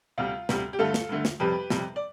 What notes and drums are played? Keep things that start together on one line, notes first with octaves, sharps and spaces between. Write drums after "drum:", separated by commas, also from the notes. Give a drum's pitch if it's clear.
D2 C3 G3 F4
D2 C3 G3, drum: snare
G4
G2 D3 A3 F4 A4
drum: snare
G2 D3 A3
drum: snare
F2 C3 G3 G4 B4
F2 C3 G3, drum: snare
D5